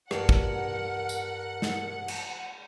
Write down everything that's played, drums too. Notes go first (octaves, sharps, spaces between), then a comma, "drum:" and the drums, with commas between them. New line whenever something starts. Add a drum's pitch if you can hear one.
G2 A#4 F#5, drum: rim click
drum: kick
drum: tambourine
drum: snare
drum: cymbal